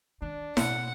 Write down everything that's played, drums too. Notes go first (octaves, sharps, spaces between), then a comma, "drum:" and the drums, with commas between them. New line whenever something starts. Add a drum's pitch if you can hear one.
D#3 D4
B2 F#5, drum: snare E4